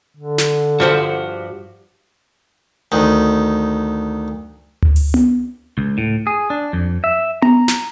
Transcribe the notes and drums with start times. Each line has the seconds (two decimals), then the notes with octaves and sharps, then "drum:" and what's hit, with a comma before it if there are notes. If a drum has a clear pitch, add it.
0.17 D3
0.38 drum: snare
0.80 G2 F3 F#4 G4 C5 F#5
2.92 D2 D#3
4.82 drum: tom D2
4.96 drum: open hi-hat
5.14 drum: tom B3
5.78 C#2
5.98 A2
6.27 G#4
6.50 D4
6.73 F2
7.04 E5
7.42 A#5, drum: tom B3
7.68 drum: snare